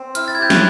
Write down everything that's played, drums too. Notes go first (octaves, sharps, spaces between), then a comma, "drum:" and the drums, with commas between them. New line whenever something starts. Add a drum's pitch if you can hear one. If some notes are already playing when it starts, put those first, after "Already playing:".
Already playing: C4
E4 F6, drum: hi-hat
A6
G#6
G4 G6
F#6, drum: snare